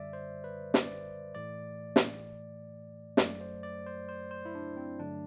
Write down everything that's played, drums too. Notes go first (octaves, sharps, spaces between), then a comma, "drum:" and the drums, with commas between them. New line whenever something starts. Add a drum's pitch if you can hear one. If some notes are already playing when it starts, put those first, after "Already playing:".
Already playing: F#2 D3 G3 D5 E5
C5
B4
D5, drum: snare
A2 E3 A3 D5
drum: snare
F#2 F#3 A3 D5, drum: snare
C5
D5
C5
C5
C5
E4
D4
C4
G2 D3 F#3 A3 D4